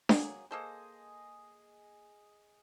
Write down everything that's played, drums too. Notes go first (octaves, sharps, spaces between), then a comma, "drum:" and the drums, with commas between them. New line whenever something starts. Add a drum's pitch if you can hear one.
F#3 A#3 G#4, drum: snare D4
A#3 G#4 A4 C5 D#5